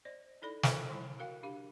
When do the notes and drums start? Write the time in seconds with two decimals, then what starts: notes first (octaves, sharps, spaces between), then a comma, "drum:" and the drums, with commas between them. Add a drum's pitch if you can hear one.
0.05 C5 D5 D#5
0.42 D#4 E4 A4 D5 B5
0.63 F4 A4 A#4 C5 C#5 F5, drum: snare
0.90 F3 G3 E4
1.19 F#4 A#4 F5 G5
1.43 D4 G4 F5